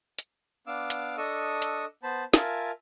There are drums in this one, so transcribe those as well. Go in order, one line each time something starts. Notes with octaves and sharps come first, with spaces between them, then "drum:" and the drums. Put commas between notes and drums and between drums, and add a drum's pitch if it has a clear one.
drum: hi-hat
B3 D4 F5 D6 E6
drum: hi-hat
D4 A4 D#5 C#6 D#6 E6
drum: hi-hat
B3 C5 A5 B5
F4 A#4 E5 G#5 A5, drum: snare